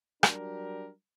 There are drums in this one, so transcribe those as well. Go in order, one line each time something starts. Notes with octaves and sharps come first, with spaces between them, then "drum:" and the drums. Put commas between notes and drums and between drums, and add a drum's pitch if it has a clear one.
F#3 G3 D4 F#4 G4 A#4, drum: rim click